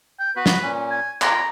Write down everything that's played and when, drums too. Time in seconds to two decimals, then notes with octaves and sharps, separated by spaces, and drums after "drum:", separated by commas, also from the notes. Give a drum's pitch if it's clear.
0.19 G5
0.36 B3 F#4 B4
0.46 drum: snare
0.62 A#2 C#4
0.91 G#5
1.22 F4 G5 A#5, drum: clap